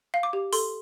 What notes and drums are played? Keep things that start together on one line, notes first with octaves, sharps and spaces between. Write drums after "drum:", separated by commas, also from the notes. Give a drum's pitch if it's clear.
F5
D6
G4
A4 C6, drum: open hi-hat